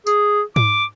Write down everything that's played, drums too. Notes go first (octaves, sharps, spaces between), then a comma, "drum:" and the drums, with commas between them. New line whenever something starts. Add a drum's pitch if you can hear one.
G#4, drum: tambourine
D6, drum: tom G#2